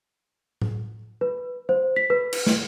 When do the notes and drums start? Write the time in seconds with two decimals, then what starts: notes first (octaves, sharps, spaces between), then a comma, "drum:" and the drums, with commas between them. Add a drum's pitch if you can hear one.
0.61 drum: tom A2
1.21 B4
1.69 C5
1.96 B6
2.10 B4
2.33 drum: cymbal
2.46 drum: snare